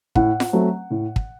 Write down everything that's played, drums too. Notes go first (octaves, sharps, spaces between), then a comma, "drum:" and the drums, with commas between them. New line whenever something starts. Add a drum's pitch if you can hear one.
A2 F#5, drum: kick
drum: snare F4
F#3 A3 C4
A2
drum: kick